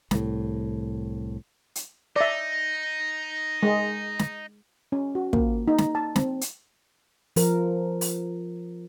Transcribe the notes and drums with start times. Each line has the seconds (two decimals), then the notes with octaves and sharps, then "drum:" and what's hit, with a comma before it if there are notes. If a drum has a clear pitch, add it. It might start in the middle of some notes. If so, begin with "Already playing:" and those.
0.11 C2 A2, drum: snare
1.75 drum: hi-hat
2.16 D#4 D5 E5
3.63 G#3
4.19 drum: snare
4.92 C#4
5.15 F#4
5.33 A#3, drum: kick
5.68 D#4
5.78 drum: snare
5.95 A5
6.16 C4, drum: snare
6.41 drum: hi-hat
7.36 F3 A#4, drum: open hi-hat
8.01 drum: open hi-hat